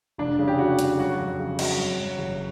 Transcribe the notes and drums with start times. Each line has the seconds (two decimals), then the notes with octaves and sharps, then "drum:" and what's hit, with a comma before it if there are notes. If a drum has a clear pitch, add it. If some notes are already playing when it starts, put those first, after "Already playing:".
0.18 F1 D4
0.39 C#3
0.48 G4
0.59 F1 F#4
0.79 C#3, drum: hi-hat
0.99 F#3 F#4
1.19 F2
1.39 C#3
1.59 F#3, drum: cymbal
1.78 F#2
1.99 F#2
2.18 F#1